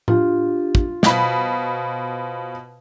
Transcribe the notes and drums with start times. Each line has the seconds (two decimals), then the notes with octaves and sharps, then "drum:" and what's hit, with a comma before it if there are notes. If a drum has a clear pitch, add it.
0.08 D4 F4 G4, drum: tom A2
0.75 drum: kick
1.03 B2 B4 C5 F5 B5, drum: snare